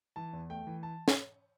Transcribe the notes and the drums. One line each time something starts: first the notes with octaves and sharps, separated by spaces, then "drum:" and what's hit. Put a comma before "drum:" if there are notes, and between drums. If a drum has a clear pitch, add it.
E3 A5
E2
A3 G5
E3
A5
drum: snare